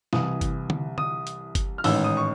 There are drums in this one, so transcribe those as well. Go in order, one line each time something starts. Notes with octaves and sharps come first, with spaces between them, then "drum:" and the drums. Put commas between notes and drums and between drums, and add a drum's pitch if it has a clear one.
C2 C3 E3 D#6, drum: snare
drum: kick G1, hi-hat
drum: tom D3
D#6, drum: tom D3
drum: hi-hat
drum: kick G1, hi-hat
F6
A1 G#2 D#3 E6, drum: open hi-hat
D#6
C#6